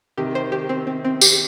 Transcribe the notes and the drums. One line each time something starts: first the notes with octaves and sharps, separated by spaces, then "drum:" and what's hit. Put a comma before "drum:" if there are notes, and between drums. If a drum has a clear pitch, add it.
C3 D#3 G4
C5
G4
C4
C4
C4
G4, drum: tambourine